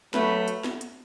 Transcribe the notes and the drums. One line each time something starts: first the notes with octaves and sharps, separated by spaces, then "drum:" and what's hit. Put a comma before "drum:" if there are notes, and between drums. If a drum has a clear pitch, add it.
F#3 A3 B4, drum: snare
drum: hi-hat
drum: snare
drum: hi-hat